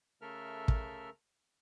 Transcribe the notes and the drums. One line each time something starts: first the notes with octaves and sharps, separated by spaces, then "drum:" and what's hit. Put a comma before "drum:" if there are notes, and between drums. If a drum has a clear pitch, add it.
C#3 A3 A4 A#4 E5 F6
drum: kick